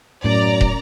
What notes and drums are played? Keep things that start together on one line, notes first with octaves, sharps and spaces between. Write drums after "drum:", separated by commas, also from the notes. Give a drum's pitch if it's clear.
F#2 A2 D5 A#5
drum: kick